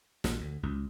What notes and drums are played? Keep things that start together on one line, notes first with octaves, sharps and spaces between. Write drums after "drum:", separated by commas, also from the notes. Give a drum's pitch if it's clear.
A#1, drum: snare
D2
C#2